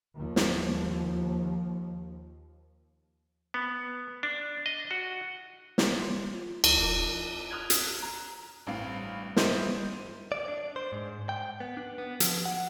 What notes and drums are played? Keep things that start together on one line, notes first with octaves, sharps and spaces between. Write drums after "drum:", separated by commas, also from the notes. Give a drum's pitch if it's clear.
D#2 F3
drum: snare
B3
D4
D#5
F#4
drum: snare
C6
F4
D2 F3 D#4, drum: cymbal
E1 C4 A#4 D6
D#6 F6 F#6 G#6
E7, drum: hi-hat
A#5
A1 G2 C4 F5
G2 C5 D#5 E5 D#7, drum: snare
D5
D4
C5
G#2
G5
B3
D4
B3
F3, drum: hi-hat
F#5